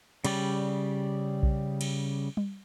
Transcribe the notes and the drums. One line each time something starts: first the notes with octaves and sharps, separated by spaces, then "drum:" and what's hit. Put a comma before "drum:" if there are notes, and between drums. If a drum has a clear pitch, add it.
C#3 G3 G4 D5, drum: cymbal
drum: kick B1
drum: cymbal
drum: tom G3